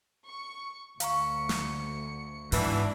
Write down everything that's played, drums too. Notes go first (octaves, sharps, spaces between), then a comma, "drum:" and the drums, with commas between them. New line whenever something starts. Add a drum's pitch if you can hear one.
C#6
D2 F5 A#5 C#6 C#7, drum: hi-hat
drum: snare
G#2 B2 E3 D4 E4, drum: open hi-hat